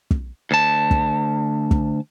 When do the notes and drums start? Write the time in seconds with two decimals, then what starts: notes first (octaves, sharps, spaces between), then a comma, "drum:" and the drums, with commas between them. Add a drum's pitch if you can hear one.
0.11 drum: kick
0.51 D2 A5
0.91 drum: kick
1.71 drum: kick